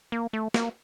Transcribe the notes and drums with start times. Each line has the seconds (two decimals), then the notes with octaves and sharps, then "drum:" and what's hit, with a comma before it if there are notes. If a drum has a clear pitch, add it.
0.12 A#3
0.33 A3
0.54 A#3, drum: snare